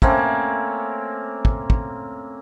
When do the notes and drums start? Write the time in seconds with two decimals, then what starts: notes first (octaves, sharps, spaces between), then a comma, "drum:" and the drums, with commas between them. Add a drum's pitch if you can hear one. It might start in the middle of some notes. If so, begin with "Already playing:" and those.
0.02 A3 A#3 C4 C#4, drum: kick
1.45 drum: kick
1.70 drum: kick